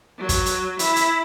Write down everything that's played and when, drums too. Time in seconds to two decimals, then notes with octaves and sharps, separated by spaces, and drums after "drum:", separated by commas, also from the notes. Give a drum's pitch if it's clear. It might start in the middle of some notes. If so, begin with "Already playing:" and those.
0.19 F#3
0.29 drum: kick, hi-hat
0.46 drum: hi-hat
0.79 E4, drum: hi-hat
0.96 drum: hi-hat